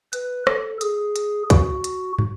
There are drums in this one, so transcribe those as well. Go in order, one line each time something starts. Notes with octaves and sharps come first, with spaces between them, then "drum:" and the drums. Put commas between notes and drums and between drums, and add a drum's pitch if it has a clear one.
B4, drum: hi-hat
A4, drum: rim click
G#4, drum: hi-hat
drum: hi-hat
F#4, drum: kick, hi-hat
drum: hi-hat
drum: tom